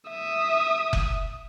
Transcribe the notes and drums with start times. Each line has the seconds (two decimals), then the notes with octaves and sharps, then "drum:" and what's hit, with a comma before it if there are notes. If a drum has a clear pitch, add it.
0.10 E5 D#6
0.93 drum: kick F1